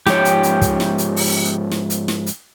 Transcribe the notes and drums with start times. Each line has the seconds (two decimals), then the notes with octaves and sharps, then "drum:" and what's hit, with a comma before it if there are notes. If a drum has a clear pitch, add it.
0.07 G#2 F3 G4 C#5 G5, drum: snare
0.25 drum: hi-hat
0.43 drum: hi-hat
0.61 drum: kick, hi-hat
0.80 drum: snare
0.98 drum: hi-hat
1.16 drum: open hi-hat
1.71 drum: snare
1.90 drum: hi-hat
2.08 drum: snare
2.26 drum: hi-hat